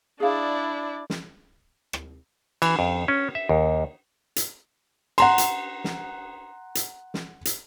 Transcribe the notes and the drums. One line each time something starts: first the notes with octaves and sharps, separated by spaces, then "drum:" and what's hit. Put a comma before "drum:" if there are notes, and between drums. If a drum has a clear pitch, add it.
D4 E4 G#4 D5 F5
drum: snare
drum: rim click
E3, drum: cymbal
F2
C#4
E5
D#2
drum: hi-hat
F#5 A#5 C6, drum: cymbal
drum: hi-hat
drum: snare
drum: hi-hat
drum: snare
drum: hi-hat